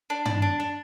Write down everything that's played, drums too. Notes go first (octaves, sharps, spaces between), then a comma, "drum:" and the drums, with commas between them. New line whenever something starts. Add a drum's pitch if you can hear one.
D4
D4, drum: tom
D4
D4